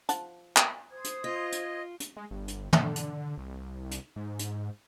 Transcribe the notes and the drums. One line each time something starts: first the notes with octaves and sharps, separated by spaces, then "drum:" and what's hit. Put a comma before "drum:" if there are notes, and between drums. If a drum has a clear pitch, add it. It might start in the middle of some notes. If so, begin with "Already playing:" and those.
F3 F#5 A5, drum: hi-hat
drum: clap
C5 D#6 G#6
drum: hi-hat
F4 D#5
drum: hi-hat
drum: hi-hat
G#3
G1
drum: hi-hat
D3, drum: tom
drum: hi-hat
C2
drum: hi-hat
G#2
drum: hi-hat